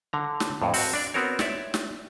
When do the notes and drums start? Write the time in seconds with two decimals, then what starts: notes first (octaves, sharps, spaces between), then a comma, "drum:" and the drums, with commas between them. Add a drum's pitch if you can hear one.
0.13 D3 A#5
0.40 drum: snare
0.62 F2 A2
0.74 C4 F#4 F#5, drum: open hi-hat
0.94 D4 D5
1.14 B3 C4 F#4 A#4 C#5
1.39 C#5 D5 E5, drum: snare
1.74 drum: snare